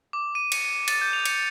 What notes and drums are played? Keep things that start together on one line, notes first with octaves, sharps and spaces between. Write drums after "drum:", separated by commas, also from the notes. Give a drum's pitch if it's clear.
D6
D#7
C#7, drum: cymbal
D#7
A6, drum: cymbal
G6
F7
C#7, drum: cymbal